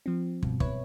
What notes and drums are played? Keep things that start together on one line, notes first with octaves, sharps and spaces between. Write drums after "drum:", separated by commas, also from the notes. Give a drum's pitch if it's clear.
F3 C4
G2 B2, drum: kick
E4 B4 C#5, drum: kick